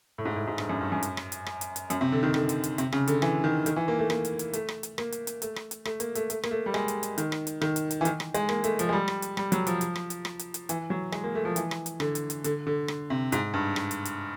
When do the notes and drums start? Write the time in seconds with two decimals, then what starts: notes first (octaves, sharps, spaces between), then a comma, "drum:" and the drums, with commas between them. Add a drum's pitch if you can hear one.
0.18 A2
0.25 G#2
0.36 A2
0.47 G#2
0.58 G2, drum: rim click
0.69 F#2
0.81 G2
0.92 F#2
1.03 drum: hi-hat
1.17 drum: rim click
1.32 drum: hi-hat
1.46 drum: rim click
1.61 drum: hi-hat
1.76 drum: hi-hat
1.90 F#2, drum: hi-hat
2.01 C3
2.12 D3
2.23 D#3
2.34 D3, drum: rim click
2.49 drum: hi-hat
2.64 drum: hi-hat
2.78 C3, drum: hi-hat
2.92 C#3, drum: rim click
3.07 D3, drum: hi-hat
3.22 E3, drum: rim click
3.44 D#3
3.66 D#3, drum: hi-hat
3.76 E3
3.88 A#3
3.99 A3
4.10 A#3, drum: rim click
4.25 drum: hi-hat
4.39 drum: hi-hat
4.53 A3, drum: hi-hat
4.69 drum: rim click
4.83 drum: hi-hat
4.98 A#3, drum: rim click
5.12 drum: hi-hat
5.27 drum: hi-hat
5.42 A3, drum: hi-hat
5.56 drum: rim click
5.71 drum: hi-hat
5.85 A3, drum: rim click
6.00 A#3, drum: hi-hat
6.15 A3, drum: hi-hat
6.30 A3, drum: hi-hat
6.43 A#3, drum: rim click
6.51 A3
6.66 G3
6.74 G#3, drum: rim click
6.88 drum: hi-hat
7.03 drum: hi-hat
7.18 D#3, drum: hi-hat
7.32 drum: rim click
7.47 drum: hi-hat
7.61 D#3, drum: rim click
7.76 drum: hi-hat
7.91 drum: hi-hat
8.01 E3
8.05 D#3, drum: hi-hat
8.20 drum: rim click
8.34 G#3, drum: hi-hat
8.49 A#3, drum: rim click
8.64 A3, drum: hi-hat
8.79 F3, drum: hi-hat
8.89 G#3
8.93 G3
9.08 drum: rim click
9.22 drum: hi-hat
9.37 G3, drum: rim click
9.52 F#3, drum: hi-hat
9.67 F3, drum: hi-hat
9.81 drum: hi-hat
9.96 drum: rim click
10.10 drum: hi-hat
10.25 drum: rim click
10.39 drum: hi-hat
10.54 drum: hi-hat
10.69 E3, drum: hi-hat
10.90 F#3
11.12 G#3, drum: rim click
11.24 A#3
11.35 A3
11.45 F3
11.56 E3, drum: hi-hat
11.71 drum: rim click
11.86 drum: hi-hat
12.00 D3, drum: rim click
12.15 drum: hi-hat
12.30 drum: hi-hat
12.44 D3, drum: hi-hat
12.67 D3
12.88 drum: rim click
13.10 C3
13.32 G#2, drum: hi-hat
13.54 G2
13.76 drum: rim click
13.91 drum: hi-hat
14.05 drum: hi-hat